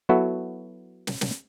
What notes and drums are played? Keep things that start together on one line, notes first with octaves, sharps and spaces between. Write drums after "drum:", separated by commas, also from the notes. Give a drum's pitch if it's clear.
F#3 B3 E4 F#4 A4
drum: snare
drum: snare